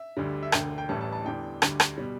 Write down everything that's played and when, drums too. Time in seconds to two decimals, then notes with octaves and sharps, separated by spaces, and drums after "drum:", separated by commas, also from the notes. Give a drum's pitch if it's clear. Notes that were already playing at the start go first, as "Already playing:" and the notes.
Already playing: E5
0.17 D2 D3 G3
0.42 E5
0.52 E1 D2 D3 G5, drum: rim click
0.78 G5
0.89 A1 A2 E3 G3 A5
1.01 A5
1.12 A5
1.25 E2 D3 G3 G5
1.62 D2 D3 G3, drum: rim click
1.80 drum: rim click
1.98 B2 G3